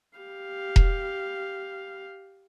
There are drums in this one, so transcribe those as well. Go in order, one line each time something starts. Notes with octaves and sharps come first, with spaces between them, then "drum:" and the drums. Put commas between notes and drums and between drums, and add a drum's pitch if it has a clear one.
G4 F5
drum: kick E1